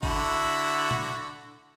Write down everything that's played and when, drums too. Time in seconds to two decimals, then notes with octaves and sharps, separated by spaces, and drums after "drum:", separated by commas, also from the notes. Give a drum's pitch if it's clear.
0.03 D3 E4 F#4, drum: kick
0.91 drum: tom A#2